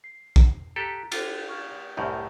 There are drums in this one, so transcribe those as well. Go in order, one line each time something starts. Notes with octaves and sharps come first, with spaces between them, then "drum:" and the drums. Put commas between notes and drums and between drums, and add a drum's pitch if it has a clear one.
C7
drum: kick
G4 A4 A#5 F#6 B6
F4 F#4 A4 C5, drum: cymbal
C#6 F6 G#6
C2 F#2 A2 F6 G6